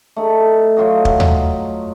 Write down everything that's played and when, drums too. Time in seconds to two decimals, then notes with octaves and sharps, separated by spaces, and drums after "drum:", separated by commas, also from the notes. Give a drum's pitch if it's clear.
0.16 A3 D#4
0.77 F#3 F4 F#4 D#5
1.05 drum: kick
1.20 drum: tom D#2